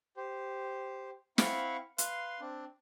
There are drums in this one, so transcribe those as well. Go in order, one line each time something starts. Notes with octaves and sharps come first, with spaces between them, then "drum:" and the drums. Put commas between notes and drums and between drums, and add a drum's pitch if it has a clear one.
G4 C5
C4 E4 F5 F#5 B5 C#6, drum: snare
B4 F5 C6, drum: hi-hat
C4 D4